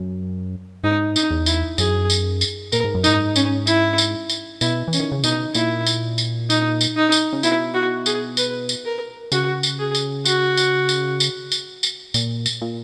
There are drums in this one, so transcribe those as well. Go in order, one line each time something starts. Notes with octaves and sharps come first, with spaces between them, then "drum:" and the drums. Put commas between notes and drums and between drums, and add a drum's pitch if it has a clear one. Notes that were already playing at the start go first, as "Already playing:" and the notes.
Already playing: F#2
G#2 D#4
D#4, drum: tambourine
E2
E4, drum: tambourine
F#2 G#4, drum: tambourine
drum: tambourine
drum: tambourine
A#2 A#4, drum: tambourine
G#2
F#2
G#2 D#4, drum: tambourine
C#4, drum: tambourine
E4, drum: tambourine
drum: tambourine
drum: tambourine
B2 E4, drum: tambourine
E3
C#4, drum: tambourine
D#3
C#3
B2 D#4, drum: tambourine
A#2 E4, drum: tambourine
drum: tambourine
drum: tambourine
D#4, drum: tambourine
drum: tambourine
D#4
drum: tambourine
C#3
B2 E4, drum: tambourine
F#4
G#4, drum: tambourine
B4, drum: tambourine
drum: tambourine
A#4
C#3 F#4, drum: tambourine
drum: tambourine
G#4
drum: tambourine
F#4, drum: tambourine
drum: tambourine
drum: tambourine
drum: tambourine
drum: tambourine
drum: tambourine
A#2, drum: tambourine
drum: tambourine
A#2